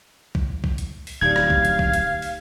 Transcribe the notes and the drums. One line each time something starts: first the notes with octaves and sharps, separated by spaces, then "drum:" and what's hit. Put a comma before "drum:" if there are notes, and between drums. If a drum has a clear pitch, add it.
drum: kick B1
drum: kick B1
drum: hi-hat
drum: open hi-hat
D1 D#4 G4 D5 F5 G#6
drum: rim click
drum: kick B1
drum: hi-hat
drum: kick B1
drum: hi-hat
drum: open hi-hat